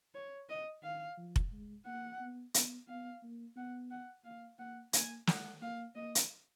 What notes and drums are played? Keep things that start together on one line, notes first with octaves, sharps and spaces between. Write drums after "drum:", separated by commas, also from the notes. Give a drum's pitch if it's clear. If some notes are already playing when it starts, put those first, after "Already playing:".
C#5
D#5
D#3 F5
F3
drum: kick F1
G#3
A#3 F#5
B3
B3, drum: hi-hat
B3 F5
A#3
B3 F#5
F#5
A#3 F5
A#3 F#5
A#3 G#5, drum: hi-hat
G#3 F#5, drum: snare
A#3 F5
A#3 D#5
drum: hi-hat